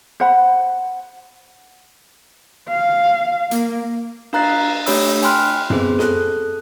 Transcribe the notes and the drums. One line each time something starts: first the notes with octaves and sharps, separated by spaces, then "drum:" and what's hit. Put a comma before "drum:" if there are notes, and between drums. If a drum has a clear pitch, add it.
C5 F#5 B5
F5
A#3, drum: hi-hat
D4 F5 A#5 F#6 A6 C7, drum: cymbal
A3 D4 G4 C#5 B5 E6, drum: open hi-hat
G5 G#5 B5 C6 F6 F#6, drum: hi-hat
B3 C4 G#4 C5, drum: tom F#2
A4 F#6, drum: snare